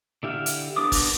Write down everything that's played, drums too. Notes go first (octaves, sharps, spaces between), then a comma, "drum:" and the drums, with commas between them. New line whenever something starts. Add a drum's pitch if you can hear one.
D3 E4 G4 F5
drum: hi-hat
B3 D4 A#4 D6 D#6
drum: kick F#1, open hi-hat